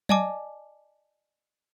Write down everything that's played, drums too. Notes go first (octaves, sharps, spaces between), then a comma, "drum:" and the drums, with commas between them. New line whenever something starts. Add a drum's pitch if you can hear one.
D5 D#5 G#5 A5 D6, drum: tom F#3